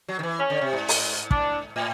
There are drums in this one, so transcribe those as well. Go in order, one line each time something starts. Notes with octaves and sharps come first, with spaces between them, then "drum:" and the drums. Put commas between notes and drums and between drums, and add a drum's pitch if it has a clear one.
F#3
D#3
E3
C#4
D3
C3
G#2
drum: open hi-hat
D4, drum: kick
A2